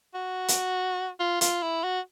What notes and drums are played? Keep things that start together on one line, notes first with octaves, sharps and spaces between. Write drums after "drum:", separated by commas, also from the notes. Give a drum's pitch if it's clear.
F#4
drum: hi-hat
F4
F4, drum: hi-hat
E4
F#4